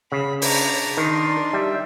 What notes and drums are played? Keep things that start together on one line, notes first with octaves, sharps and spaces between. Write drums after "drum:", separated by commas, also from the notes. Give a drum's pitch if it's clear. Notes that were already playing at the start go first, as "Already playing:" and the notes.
C#3 B5
D4 A#5 B5, drum: open hi-hat
D#3 D#4 C6
G3 E5